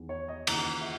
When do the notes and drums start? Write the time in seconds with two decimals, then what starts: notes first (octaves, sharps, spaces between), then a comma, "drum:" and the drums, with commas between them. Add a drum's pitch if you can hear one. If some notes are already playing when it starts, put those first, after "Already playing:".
Already playing: E2 D#3
0.09 C#5
0.28 D#5
0.47 D#2 C#3 E3 A#5, drum: cymbal
0.80 E5